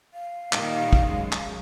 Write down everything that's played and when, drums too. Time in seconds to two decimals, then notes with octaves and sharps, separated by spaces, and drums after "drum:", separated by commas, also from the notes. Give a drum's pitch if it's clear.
0.13 F5
0.53 A#2 D#3 G3, drum: clap
0.93 drum: kick
1.08 F#2 G#3
1.32 drum: clap